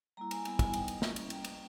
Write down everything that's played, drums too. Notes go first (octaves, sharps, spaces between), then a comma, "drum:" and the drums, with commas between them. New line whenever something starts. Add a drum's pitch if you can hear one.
G3 A#3 E4 A#5
G#5, drum: cymbal
G3 B3 E4 G#5, drum: cymbal
G#5, drum: kick, cymbal
G3 B3 D#4 G5, drum: cymbal
drum: cymbal
G3 A#3 C#4 E4, drum: snare
drum: cymbal
G3 A#3 C#4 G5, drum: cymbal
drum: cymbal